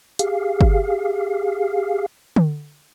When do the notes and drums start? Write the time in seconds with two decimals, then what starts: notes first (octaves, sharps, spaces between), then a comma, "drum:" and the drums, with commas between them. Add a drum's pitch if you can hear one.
0.19 G4 G#4 F5, drum: hi-hat
0.61 drum: kick G1
2.36 drum: tom D3